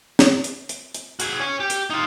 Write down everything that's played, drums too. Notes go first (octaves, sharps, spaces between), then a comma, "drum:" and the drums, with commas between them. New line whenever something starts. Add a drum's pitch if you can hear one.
drum: snare
drum: hi-hat
drum: hi-hat
drum: hi-hat
F#4 G#4, drum: hi-hat
C#5 G#5
G4
drum: hi-hat
D#4 F4